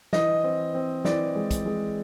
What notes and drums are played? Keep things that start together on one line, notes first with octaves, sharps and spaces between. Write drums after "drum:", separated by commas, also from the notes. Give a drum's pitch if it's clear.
E3 D#5, drum: snare
C4
C4
E3 D5, drum: snare
G#3
drum: kick, hi-hat
G#3